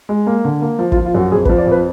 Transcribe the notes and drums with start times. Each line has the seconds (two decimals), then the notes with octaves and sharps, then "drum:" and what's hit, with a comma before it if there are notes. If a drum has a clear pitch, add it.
0.09 G#3
0.27 A#3
0.45 D3
0.62 A#3
0.79 F3
0.92 F4, drum: kick
0.97 F3
1.05 F4
1.14 F#2 F#4
1.32 F2 G#4
1.45 B4, drum: kick
1.49 F3
1.58 D5
1.67 F2 B4